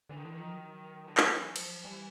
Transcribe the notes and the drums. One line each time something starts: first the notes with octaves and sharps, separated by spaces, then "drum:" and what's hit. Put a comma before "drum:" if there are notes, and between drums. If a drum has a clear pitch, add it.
D3 E3
D#3
D3 E3
D#3
F3
F#3
D3
D#3, drum: clap
E3
F3, drum: cymbal
E3 G3